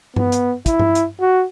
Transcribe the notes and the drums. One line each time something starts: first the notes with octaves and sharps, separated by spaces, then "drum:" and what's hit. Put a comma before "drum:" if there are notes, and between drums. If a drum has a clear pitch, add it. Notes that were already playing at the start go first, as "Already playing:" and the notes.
B3, drum: tom G2
drum: hi-hat
E4, drum: kick, hi-hat
drum: tom G2
drum: hi-hat
F#4